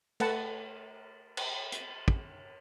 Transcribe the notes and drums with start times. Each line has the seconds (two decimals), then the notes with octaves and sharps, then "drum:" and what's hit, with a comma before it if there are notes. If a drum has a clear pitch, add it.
0.20 A3 B4 F#5 A5, drum: cymbal
1.37 drum: cymbal
1.72 drum: hi-hat
2.08 drum: kick